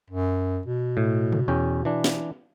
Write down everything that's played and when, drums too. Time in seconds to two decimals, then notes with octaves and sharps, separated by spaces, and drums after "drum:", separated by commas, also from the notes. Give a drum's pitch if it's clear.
0.10 F#2
0.66 B2
0.97 A2
1.33 drum: tom C3
1.48 E2 C#4 G5
1.85 E3 D4
2.04 drum: snare